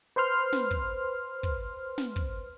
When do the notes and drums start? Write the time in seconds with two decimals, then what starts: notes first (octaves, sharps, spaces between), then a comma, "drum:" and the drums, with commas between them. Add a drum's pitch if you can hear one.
0.16 B4 C5 C6 F6
0.53 drum: snare
0.71 drum: kick
1.43 drum: kick
1.98 drum: snare
2.16 drum: kick